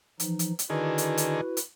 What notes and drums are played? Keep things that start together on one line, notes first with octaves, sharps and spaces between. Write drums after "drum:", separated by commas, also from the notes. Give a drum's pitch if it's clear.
E3 F3 D#4, drum: hi-hat
drum: hi-hat
drum: hi-hat
D3 D#3 E4 F#4 G#4 B4
drum: hi-hat
drum: hi-hat
drum: hi-hat